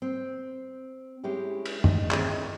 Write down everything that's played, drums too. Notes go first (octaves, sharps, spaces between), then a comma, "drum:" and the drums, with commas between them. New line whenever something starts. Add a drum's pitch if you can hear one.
C4
G#3 C#4 E4 G4
drum: cymbal
D#5, drum: tom F#2
A3 C4 E4 G#4 C#5 D#5, drum: clap
D2